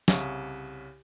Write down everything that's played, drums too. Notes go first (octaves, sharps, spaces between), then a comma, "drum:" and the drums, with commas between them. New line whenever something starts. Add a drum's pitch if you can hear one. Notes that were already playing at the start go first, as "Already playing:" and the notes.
C2 C#3 C#6, drum: snare